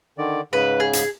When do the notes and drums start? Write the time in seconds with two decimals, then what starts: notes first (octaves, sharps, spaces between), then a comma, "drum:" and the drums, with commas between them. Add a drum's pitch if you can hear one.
0.18 D3 D#3 D5
0.53 G#2 C#3 B4
0.80 G#4
0.93 drum: hi-hat